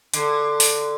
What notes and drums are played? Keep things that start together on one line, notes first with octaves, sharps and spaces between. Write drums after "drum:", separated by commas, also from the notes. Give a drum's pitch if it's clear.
D3, drum: hi-hat
drum: open hi-hat